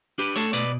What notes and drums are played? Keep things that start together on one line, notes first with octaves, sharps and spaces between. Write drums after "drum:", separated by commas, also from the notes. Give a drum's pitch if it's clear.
D4 G4 B4
A3 A4 C#5
B2 B4 D5, drum: tambourine